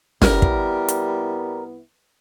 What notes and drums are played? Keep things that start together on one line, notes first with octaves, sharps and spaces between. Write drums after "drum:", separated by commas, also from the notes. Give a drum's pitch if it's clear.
C2 G3 B3 E4 A#4, drum: snare
drum: kick
drum: hi-hat